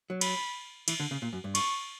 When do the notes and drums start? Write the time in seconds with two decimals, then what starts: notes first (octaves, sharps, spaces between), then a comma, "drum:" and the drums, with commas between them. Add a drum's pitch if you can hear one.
0.10 F#3
0.21 B5, drum: cymbal
0.88 E3, drum: cymbal
1.00 D3
1.11 C#3
1.22 A#2
1.33 F#2
1.44 G2
1.55 C#6, drum: cymbal